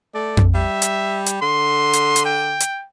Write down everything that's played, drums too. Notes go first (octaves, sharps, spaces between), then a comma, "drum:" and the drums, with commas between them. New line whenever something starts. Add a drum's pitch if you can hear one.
A3 D5
drum: tom F2
G3 E5
drum: hi-hat
drum: hi-hat
D3 C6
drum: hi-hat
drum: hi-hat
G5
drum: hi-hat